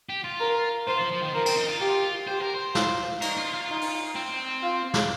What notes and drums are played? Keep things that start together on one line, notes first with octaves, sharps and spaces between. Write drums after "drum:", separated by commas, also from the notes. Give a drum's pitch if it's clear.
G4
F4
A#4
F4 C5
F3
F3
D#3
F3 A#4
C4, drum: cymbal
D#4
F4
F4 G4
G4 C5
A#4
C5
F4, drum: snare
D#4 A#4, drum: cymbal
F4
F4
D#4
drum: open hi-hat
C4
F4
drum: snare